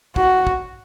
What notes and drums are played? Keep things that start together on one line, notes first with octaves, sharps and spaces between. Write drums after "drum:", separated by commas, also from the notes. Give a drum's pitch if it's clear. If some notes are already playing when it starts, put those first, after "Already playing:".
F#4, drum: kick
drum: kick